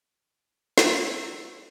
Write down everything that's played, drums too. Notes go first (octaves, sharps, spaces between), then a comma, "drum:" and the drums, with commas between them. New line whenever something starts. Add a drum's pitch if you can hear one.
E6, drum: snare